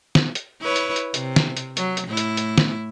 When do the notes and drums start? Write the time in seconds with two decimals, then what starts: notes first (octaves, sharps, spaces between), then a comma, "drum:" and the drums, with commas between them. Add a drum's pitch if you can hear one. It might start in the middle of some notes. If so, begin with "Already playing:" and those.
0.15 drum: snare
0.35 drum: hi-hat
0.61 E4 B4 C#5
0.76 drum: hi-hat
0.96 drum: hi-hat
1.14 C3, drum: hi-hat
1.36 drum: snare
1.57 drum: hi-hat
1.77 F#3, drum: hi-hat
1.97 drum: hi-hat
2.07 A2 E4
2.17 drum: hi-hat
2.37 drum: hi-hat
2.58 drum: snare